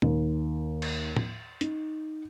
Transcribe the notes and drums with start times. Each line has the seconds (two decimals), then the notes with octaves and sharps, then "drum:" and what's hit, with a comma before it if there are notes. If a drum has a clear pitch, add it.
0.02 D#2, drum: tom A#2
0.82 drum: cymbal
1.17 drum: tom
1.61 D#4, drum: hi-hat